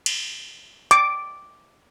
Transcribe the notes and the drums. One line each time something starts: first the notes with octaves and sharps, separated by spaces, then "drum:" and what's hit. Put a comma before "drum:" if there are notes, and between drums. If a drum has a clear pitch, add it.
drum: cymbal
D6, drum: hi-hat